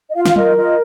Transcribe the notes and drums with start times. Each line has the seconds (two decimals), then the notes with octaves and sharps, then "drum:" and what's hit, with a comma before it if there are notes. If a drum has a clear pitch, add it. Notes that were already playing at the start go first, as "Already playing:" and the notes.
0.11 D#5
0.15 F4 F5
0.26 F5, drum: snare
0.36 A#4 D#5, drum: tom F#3
0.57 F4 D#5